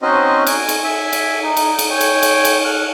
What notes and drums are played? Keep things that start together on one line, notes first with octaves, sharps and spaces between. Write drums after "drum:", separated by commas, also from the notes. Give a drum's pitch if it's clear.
C4 C#4 D#4 F#4 C5 D#5
G#5, drum: cymbal
drum: cymbal
E5 G#5
drum: cymbal
D#4
drum: cymbal
drum: cymbal
C#5 G5 G#5
drum: cymbal
drum: cymbal
drum: cymbal
F6 F#6